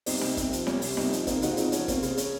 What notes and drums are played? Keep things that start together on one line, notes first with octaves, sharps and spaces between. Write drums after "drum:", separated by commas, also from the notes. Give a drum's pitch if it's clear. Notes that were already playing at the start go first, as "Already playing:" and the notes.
C2 C4 D#4, drum: open hi-hat
C3, drum: snare
C2 C4, drum: kick, hi-hat
F3, drum: hi-hat
C2 C#4, drum: snare
C3, drum: open hi-hat
C2 C4 D#4, drum: snare
F3, drum: hi-hat
A#3 C4 D#4, drum: kick, hi-hat
C#3 D#4 F#4, drum: hi-hat
F4
C#2 C4 D#4, drum: hi-hat
F3 C#4, drum: hi-hat
A#3 C4, drum: kick, hi-hat
C#3, drum: hi-hat
C#4, drum: hi-hat